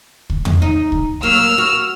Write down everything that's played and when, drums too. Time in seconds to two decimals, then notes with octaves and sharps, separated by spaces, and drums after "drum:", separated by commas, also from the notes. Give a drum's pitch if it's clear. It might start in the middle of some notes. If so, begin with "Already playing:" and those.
0.30 drum: kick
0.45 drum: tom
0.62 D#4
0.92 drum: kick
1.23 F#3 A#3 E6 F6
1.58 F#4